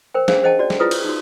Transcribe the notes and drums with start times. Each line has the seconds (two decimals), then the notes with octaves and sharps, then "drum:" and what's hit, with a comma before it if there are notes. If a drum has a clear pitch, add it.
0.14 A#4 C5 G5
0.28 C#4 D4 G#4 C5 F5, drum: snare
0.43 G#4 C5 D#5 F#5 G5 A5
0.59 F#4 D5
0.70 drum: snare
0.80 E4 F4 G#4 B4 D#6
0.91 drum: cymbal
1.05 D#4 F#4